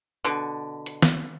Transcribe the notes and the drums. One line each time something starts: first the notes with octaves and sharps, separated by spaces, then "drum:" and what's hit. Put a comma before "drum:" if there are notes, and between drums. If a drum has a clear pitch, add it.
B2 D3
drum: hi-hat
drum: snare